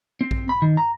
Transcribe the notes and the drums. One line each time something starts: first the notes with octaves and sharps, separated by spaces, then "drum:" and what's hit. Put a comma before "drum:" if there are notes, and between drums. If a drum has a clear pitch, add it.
C4
drum: kick A#1
B5
D#3
A#5